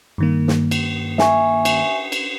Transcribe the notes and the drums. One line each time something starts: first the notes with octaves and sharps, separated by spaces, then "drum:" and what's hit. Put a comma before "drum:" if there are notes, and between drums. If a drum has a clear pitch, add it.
G2 D#3 A#3
drum: snare
drum: cymbal
E5 G#5 C#6, drum: snare
drum: cymbal
drum: cymbal